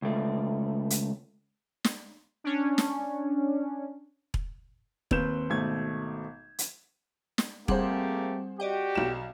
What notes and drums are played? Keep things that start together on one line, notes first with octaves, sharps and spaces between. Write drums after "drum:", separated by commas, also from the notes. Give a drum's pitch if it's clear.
C#2 A3
drum: hi-hat
drum: snare
C#4 D4
drum: snare
drum: kick E1
D#2 C4 B4 G6 E7, drum: kick E1
G#1 B2 A3 G#6
drum: hi-hat
drum: snare
G3 A3 A#3 C4 G4 G#4 C5 F#5, drum: kick E1
F#4 G4 D5 D#5 G5
B1 E7